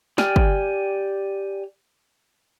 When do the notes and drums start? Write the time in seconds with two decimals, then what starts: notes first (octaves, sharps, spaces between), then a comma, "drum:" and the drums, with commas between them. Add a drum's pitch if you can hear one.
0.18 G4 D5 G5 G#5 F6, drum: snare
0.36 drum: kick